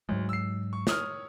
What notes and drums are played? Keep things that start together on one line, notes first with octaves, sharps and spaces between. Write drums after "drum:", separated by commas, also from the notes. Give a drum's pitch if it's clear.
D2 G#2 F#3 G#3
E6 C7
C#6
C#5 D#6 F6, drum: snare